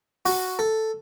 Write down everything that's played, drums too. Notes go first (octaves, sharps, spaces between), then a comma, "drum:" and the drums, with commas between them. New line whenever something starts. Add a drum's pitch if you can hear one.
F#4, drum: open hi-hat
A4